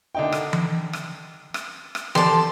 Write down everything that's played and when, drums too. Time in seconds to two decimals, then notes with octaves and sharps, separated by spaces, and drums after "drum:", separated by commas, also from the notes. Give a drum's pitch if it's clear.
0.15 D3 D#4 G5
0.32 drum: rim click
0.53 drum: tom E3
0.93 drum: rim click
1.54 drum: rim click
1.95 drum: rim click
2.15 G4 A4 D5 A5 C6, drum: tom E3